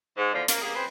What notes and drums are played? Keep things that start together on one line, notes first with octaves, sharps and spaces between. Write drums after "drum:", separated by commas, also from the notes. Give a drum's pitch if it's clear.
G#2
E2 D3 F3
A#3, drum: hi-hat
A#3 G4 G#4
C4 G#4 B4 C5